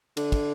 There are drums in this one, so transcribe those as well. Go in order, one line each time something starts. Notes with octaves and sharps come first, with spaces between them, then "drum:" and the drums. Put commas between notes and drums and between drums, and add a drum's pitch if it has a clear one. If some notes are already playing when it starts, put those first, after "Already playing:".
D3, drum: cymbal
drum: kick, cymbal